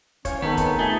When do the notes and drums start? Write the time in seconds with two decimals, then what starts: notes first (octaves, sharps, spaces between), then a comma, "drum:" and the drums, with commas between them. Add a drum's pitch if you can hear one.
0.25 E3 F3 C#4 C#5 F5 G5, drum: kick, hi-hat
0.42 D#3 G#3 B3 C4 D#4 A4 G5
0.57 drum: kick, hi-hat
0.79 F3 A3 G#4